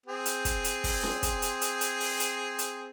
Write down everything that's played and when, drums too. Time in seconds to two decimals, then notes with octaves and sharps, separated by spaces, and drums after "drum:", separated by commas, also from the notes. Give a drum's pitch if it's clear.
0.06 C4 G#4
0.26 drum: hi-hat
0.45 drum: kick, hi-hat
0.64 drum: hi-hat
0.84 drum: kick, open hi-hat
1.03 drum: snare C#4
1.23 drum: kick, hi-hat
1.42 drum: hi-hat
1.61 drum: hi-hat
1.81 drum: hi-hat
2.00 drum: open hi-hat
2.20 drum: hi-hat
2.59 drum: hi-hat